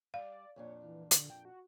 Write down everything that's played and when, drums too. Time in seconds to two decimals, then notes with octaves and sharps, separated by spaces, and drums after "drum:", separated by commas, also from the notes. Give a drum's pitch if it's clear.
0.14 G3 D5 F5
0.56 F2 A#2 D4 C#5
0.83 E3
1.11 D3, drum: hi-hat
1.30 G5
1.45 F#4